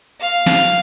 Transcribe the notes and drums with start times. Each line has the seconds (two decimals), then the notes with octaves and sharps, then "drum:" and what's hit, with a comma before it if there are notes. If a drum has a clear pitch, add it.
0.21 F5
0.46 drum: snare